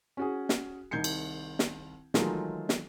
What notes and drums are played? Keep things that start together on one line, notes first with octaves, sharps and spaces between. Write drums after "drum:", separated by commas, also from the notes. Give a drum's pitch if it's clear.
C#4 F#4 G#4
drum: snare
C2 D#3 G6 G#6 C7 C#7
drum: cymbal
drum: snare
D#3 E3 F#3 G#3 A3 F4, drum: snare
drum: snare